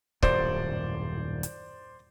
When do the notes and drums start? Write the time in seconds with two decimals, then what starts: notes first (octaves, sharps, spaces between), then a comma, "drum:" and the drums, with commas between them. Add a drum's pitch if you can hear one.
0.22 D#1 F#2 A2 C5 D5, drum: kick
1.43 drum: hi-hat